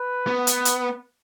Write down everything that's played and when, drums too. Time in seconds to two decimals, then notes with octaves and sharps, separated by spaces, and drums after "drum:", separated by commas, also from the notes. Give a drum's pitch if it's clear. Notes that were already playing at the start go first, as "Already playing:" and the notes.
Already playing: B4
0.27 B3
0.47 drum: hi-hat
0.65 drum: hi-hat